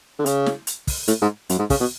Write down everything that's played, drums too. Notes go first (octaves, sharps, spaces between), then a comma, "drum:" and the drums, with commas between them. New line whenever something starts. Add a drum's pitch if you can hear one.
D3
C#3, drum: hi-hat
drum: snare
drum: hi-hat
drum: kick, open hi-hat
A2, drum: hi-hat
G#2
F#2, drum: hi-hat
G#2
C#3, drum: kick, open hi-hat
B2